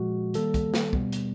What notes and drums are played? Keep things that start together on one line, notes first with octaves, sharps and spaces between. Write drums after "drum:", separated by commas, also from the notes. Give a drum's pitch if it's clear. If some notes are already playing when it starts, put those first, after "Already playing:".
Already playing: A#2 F3 G#3 F#4
D#3 G3 A#3 A4, drum: hi-hat
drum: kick, hi-hat
drum: snare
B2 G3 B3, drum: kick
drum: hi-hat